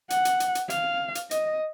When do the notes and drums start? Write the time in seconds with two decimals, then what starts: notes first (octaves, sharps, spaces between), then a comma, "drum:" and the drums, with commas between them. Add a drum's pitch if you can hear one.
0.10 F#5, drum: hi-hat
0.25 drum: hi-hat
0.40 drum: hi-hat
0.55 drum: hi-hat
0.70 F5, drum: hi-hat
1.15 drum: hi-hat
1.31 D#5, drum: hi-hat